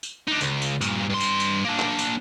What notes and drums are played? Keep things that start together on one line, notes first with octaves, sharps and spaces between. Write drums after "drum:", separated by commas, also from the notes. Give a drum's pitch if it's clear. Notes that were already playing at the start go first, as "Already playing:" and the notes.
drum: tambourine
D4 D#4
C#2, drum: tambourine
drum: tambourine
G2 A#2, drum: tambourine
G2 C6
drum: tambourine
drum: tambourine
A#3 D4
drum: clap
drum: tambourine